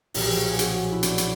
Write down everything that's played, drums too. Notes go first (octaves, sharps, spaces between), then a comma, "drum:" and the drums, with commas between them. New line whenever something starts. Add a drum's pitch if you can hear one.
B1 A#2 F3 G4, drum: open hi-hat
G#4
F#4
G#4
G#4, drum: hi-hat
F#4
E4
D4, drum: hi-hat
drum: hi-hat